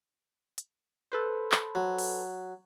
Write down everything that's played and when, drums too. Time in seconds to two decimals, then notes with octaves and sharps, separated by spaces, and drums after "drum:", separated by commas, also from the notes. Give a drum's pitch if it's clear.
0.58 drum: hi-hat
1.12 A4 B4 C5
1.52 drum: clap
1.75 F#3
1.98 drum: open hi-hat